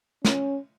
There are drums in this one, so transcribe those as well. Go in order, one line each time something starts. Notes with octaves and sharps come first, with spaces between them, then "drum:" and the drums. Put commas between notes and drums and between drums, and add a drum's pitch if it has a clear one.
C#4, drum: snare